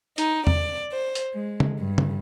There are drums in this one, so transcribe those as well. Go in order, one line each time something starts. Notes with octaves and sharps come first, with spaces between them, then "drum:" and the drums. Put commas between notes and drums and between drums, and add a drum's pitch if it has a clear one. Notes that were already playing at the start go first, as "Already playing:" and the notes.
D#4, drum: hi-hat
D5, drum: tom E2
C5
drum: hi-hat
G#3
drum: tom
G2
drum: tom